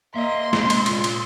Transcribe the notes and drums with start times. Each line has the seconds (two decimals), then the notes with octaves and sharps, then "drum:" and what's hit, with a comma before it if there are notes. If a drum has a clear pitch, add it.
0.16 A#3 D#5 E5 C6
0.53 C3 G#3, drum: snare
0.70 drum: cymbal
0.86 A#2, drum: cymbal
1.04 drum: cymbal